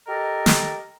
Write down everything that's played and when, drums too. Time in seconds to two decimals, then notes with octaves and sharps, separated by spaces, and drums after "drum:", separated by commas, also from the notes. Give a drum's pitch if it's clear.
0.07 G4 A4 A#4 D#5
0.46 drum: snare